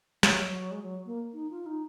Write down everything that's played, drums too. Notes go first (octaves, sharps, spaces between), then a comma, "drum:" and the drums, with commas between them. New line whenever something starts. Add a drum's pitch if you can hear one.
F#3, drum: snare
G#3
F#3
A#3
D#4
F4
D#4